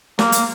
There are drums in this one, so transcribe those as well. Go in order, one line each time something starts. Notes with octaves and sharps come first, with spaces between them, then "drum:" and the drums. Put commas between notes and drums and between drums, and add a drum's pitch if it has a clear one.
A#3, drum: snare
drum: hi-hat